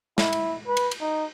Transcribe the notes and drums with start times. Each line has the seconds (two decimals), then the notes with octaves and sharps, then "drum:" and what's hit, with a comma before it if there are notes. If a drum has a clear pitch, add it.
0.18 E4, drum: snare
0.33 drum: cymbal
0.68 B4
0.77 drum: cymbal
0.91 drum: cymbal
1.01 D#4